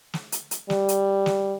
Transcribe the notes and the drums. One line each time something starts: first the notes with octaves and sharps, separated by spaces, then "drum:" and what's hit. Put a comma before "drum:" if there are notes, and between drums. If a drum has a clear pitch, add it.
drum: snare
drum: hi-hat
drum: hi-hat
G3, drum: snare
drum: hi-hat
drum: snare